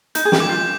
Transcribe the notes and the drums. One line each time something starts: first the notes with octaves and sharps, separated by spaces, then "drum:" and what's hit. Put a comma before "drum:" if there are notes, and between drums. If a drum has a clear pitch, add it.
D#4 G6, drum: hi-hat
G#4
G4, drum: snare
D6
F4